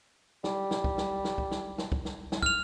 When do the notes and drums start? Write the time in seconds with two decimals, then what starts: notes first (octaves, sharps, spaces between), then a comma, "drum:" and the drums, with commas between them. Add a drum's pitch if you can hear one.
0.44 G3, drum: snare
0.71 drum: snare
0.84 drum: kick
0.98 drum: snare
1.25 drum: snare
1.38 drum: kick
1.51 drum: snare
1.78 drum: snare
1.92 drum: kick
2.05 drum: snare
2.32 drum: snare
2.42 F6 F7, drum: kick